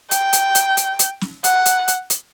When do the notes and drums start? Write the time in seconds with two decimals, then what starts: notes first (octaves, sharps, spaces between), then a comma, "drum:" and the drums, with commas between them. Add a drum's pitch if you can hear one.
0.11 G5, drum: hi-hat
0.33 drum: hi-hat
0.55 drum: hi-hat
0.77 drum: hi-hat
0.99 drum: hi-hat
1.21 drum: snare
1.44 F#5, drum: hi-hat
1.66 drum: hi-hat
1.88 drum: hi-hat
2.10 drum: hi-hat